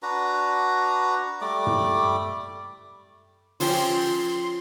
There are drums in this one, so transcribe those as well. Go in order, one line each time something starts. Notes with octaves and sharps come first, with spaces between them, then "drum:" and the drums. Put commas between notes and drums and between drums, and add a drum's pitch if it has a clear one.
D4 F#4 B4 A#5
G3 A3 D5 D6
drum: tom
F3 C#4 F4 C5 G5 C6 D6, drum: open hi-hat